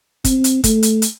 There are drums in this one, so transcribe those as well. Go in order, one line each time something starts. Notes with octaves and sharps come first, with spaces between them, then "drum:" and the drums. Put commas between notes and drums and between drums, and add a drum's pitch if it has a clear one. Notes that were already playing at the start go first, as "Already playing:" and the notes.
C4, drum: kick, hi-hat
drum: hi-hat
A3, drum: kick, hi-hat
drum: hi-hat
drum: hi-hat